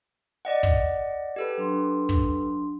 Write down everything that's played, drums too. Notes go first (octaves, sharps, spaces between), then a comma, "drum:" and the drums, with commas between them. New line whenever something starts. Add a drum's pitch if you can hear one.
D5 D#5 F#5
drum: kick
G4 A4 B4
F#3 D4 C6
drum: kick